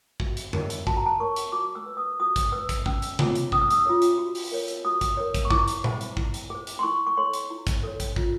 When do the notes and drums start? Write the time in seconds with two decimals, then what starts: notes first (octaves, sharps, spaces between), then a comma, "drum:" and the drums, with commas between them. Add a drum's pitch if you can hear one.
0.20 F#4, drum: kick
0.37 drum: hi-hat
0.53 A#4 C#5, drum: tom F2
0.70 drum: hi-hat
0.87 F#4 A5, drum: kick
0.97 A#5
1.06 A5
1.20 A#4 C#5 C#6
1.36 drum: hi-hat
1.52 F#4 D6
1.75 E6
1.86 B4
1.97 D#6
2.20 F#4 D#6
2.36 drum: kick, hi-hat
2.52 B4 E6
2.69 drum: kick, hi-hat
2.86 C#4 E6, drum: kick
3.02 drum: hi-hat
3.19 F4 G#4 C#5, drum: tom C3
3.35 drum: hi-hat
3.52 C#4 D#6, drum: kick
3.61 E6
3.70 D#6, drum: hi-hat
3.86 F4 G#4 C#5
4.02 drum: hi-hat
4.18 F#4
4.35 drum: open hi-hat
4.52 A#4 C#5
4.68 drum: hi-hat
4.85 F#4 D#6
5.01 drum: kick, hi-hat
5.17 A#4 C#5
5.34 drum: kick, hi-hat
5.45 C#6
5.50 E4 D6, drum: kick
5.68 drum: hi-hat
5.84 G#4 C5, drum: tom A#2
6.01 drum: hi-hat
6.17 E4, drum: kick
6.34 drum: hi-hat
6.50 G#4 C5
6.67 drum: hi-hat
6.79 C6
6.83 E4 C#6
7.07 C#6
7.17 A4 C#5 C6
7.33 drum: hi-hat
7.50 E4
7.67 drum: kick, hi-hat
7.83 A4 C#5
8.00 drum: kick, hi-hat
8.16 F4, drum: kick